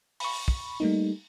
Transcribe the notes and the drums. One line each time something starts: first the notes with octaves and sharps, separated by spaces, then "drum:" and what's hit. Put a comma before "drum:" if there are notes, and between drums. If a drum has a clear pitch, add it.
B5 C#6, drum: open hi-hat
drum: kick
G3 A3 A#3 D#4